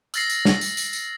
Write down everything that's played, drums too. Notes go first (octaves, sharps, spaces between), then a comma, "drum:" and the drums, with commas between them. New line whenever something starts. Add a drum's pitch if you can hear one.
E6 F6 A6 A#6 C7, drum: tambourine
drum: tambourine
drum: snare
drum: tambourine
drum: tambourine
drum: tambourine